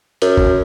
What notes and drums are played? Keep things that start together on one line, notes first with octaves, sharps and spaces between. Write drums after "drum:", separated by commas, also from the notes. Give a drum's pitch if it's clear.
F#2, drum: hi-hat
drum: kick G1